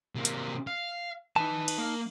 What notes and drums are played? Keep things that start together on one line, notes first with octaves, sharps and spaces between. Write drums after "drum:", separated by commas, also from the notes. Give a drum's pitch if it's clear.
C3 A#3
drum: hi-hat
F5
D#4 B4 G#5 A5
drum: cymbal
A#3